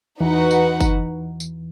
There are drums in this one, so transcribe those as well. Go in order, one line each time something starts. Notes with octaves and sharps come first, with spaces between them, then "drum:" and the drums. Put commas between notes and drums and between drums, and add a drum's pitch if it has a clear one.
E2 E3 D#4 F#4 B4 F#5
drum: tambourine
drum: kick F#1, tambourine
drum: tambourine